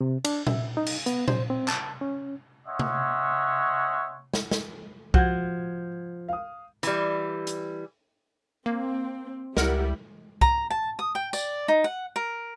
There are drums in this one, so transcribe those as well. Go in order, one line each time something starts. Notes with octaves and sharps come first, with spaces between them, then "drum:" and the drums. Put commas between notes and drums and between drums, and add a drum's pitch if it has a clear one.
C3
D4, drum: cymbal
E5, drum: tom A#2
D#4
drum: cymbal
B3, drum: hi-hat
C5, drum: tom A#2
C4
A5, drum: clap
C#4
C#4 C#5 D#5 E5 F#5 C6
drum: tom C3
drum: snare
drum: snare
F3 F#4 G6 G#6, drum: kick
F5 D#6
E3 G3, drum: hi-hat
drum: hi-hat
A#3 C4
C#2 G3 E4 A#4 F#5, drum: snare
A#5, drum: kick
A5
D#6
G5
D5, drum: tambourine
D#4
F#5
A#4